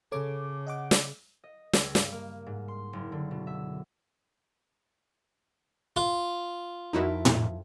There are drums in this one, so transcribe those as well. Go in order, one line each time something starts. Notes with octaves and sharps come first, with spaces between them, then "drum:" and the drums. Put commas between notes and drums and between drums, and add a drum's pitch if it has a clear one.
C#3 A4 C#5 D6
D#5 F#5 D6
drum: snare
D#5
C#2, drum: snare
G2, drum: snare
A#3
G#2
C6
F#1
D3
B2
E5
F4
F2 D#4 E4 F#4 A#4 E5
drum: tom A2